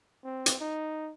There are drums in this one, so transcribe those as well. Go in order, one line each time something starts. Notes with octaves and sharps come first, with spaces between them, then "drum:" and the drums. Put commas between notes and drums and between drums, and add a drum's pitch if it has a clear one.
C4
drum: hi-hat
D#4